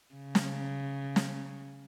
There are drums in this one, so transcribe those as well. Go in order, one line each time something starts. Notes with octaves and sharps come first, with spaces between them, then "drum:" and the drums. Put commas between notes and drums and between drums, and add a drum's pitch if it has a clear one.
C#3
drum: snare
drum: snare